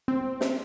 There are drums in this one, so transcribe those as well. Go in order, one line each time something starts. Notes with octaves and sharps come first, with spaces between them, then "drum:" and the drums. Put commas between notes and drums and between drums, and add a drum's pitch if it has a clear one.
C4
drum: snare